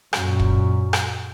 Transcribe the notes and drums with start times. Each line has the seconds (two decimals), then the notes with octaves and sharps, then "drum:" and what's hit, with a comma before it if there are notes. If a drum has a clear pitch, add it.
0.13 F#2 A#2, drum: rim click
0.39 drum: kick
0.93 drum: rim click